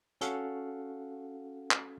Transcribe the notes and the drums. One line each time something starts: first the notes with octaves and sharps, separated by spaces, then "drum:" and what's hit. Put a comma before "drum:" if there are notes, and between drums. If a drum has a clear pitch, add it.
C#4 F#4 A4 F5 F#5, drum: hi-hat
drum: clap